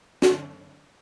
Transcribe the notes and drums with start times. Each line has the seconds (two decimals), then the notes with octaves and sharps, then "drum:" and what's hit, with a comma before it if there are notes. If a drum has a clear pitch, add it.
0.22 F#4, drum: snare